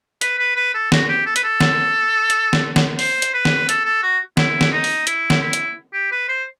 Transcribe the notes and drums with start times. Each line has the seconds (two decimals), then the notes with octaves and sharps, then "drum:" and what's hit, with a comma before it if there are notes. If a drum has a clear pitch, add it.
0.21 B4, drum: hi-hat
0.39 B4
0.56 B4
0.74 A4
0.92 F#4, drum: snare
1.09 G4
1.26 A4
1.36 B4, drum: hi-hat
1.44 A4
1.61 drum: snare
2.30 drum: hi-hat
2.53 drum: snare
2.76 drum: snare
2.99 C5, drum: open hi-hat
3.22 drum: hi-hat
3.34 B4
3.45 drum: snare
3.69 A4, drum: hi-hat
3.85 A4
4.03 F#4
4.37 E4, drum: snare
4.61 drum: snare
4.72 D#4
4.84 drum: open hi-hat
5.07 E4, drum: hi-hat
5.30 drum: snare
5.42 E4
5.53 drum: hi-hat
5.94 G4
6.11 B4
6.28 C5